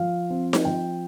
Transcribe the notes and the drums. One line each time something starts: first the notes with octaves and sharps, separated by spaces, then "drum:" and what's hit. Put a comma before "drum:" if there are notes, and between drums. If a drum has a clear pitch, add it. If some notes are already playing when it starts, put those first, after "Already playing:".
Already playing: F3 F5
C4
drum: snare D#4
F3 G5